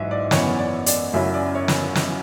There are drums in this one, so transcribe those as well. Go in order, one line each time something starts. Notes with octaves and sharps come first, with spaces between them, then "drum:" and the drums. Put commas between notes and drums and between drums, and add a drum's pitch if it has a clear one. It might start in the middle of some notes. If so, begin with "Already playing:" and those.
Already playing: A1 G#2 F#3 E5
D5
F#2 E3 B3 C#5, drum: snare
D5
D5, drum: hi-hat
F#2 C#3 F#3 C#4 E4 E5
D5
C#5
drum: snare
drum: snare